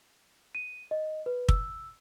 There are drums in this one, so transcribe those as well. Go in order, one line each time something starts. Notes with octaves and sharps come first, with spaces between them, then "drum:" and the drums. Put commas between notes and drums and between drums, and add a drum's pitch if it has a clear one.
D#7
D#5
B4
E6, drum: kick